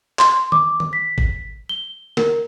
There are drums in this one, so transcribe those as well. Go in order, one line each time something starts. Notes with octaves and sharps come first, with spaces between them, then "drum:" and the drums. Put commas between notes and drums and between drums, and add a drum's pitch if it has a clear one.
C6, drum: clap
D6, drum: tom D#3
drum: tom D#3
B6
drum: kick
G7
A#4, drum: snare